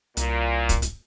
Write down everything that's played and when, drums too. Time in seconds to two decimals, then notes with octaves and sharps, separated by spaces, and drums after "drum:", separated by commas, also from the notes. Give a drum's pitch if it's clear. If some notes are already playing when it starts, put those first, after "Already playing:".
0.17 C2 A#2, drum: hi-hat
0.69 drum: kick, hi-hat
0.82 drum: hi-hat